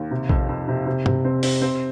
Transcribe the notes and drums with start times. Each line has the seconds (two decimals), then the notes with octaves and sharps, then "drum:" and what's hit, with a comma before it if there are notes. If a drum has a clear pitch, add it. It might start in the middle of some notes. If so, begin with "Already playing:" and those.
Already playing: D#2
0.11 C3
0.29 F2, drum: kick A#1
0.49 F2
0.68 C3
0.86 C3
1.06 C3, drum: tom G2
1.24 C4
1.43 C4, drum: open hi-hat
1.61 C4